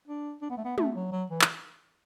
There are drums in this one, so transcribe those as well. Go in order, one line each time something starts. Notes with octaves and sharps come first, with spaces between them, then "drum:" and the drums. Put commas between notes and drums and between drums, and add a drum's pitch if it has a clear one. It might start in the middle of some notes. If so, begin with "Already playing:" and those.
D4
D4
B3
A3
B3
A3, drum: tom
F#3
F#3
E3
drum: clap